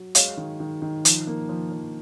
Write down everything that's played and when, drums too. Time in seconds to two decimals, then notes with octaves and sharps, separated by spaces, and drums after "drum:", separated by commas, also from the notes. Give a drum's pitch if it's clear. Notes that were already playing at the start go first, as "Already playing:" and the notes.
Already playing: F#3
0.15 G#3 C#5 F5, drum: hi-hat
0.37 D#3
0.60 D#3
0.82 D#3
1.05 F3, drum: hi-hat
1.27 A#3
1.49 F3
1.72 F3